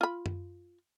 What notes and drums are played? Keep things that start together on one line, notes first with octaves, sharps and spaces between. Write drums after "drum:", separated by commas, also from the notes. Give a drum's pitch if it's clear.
F4 B5
drum: tom F#2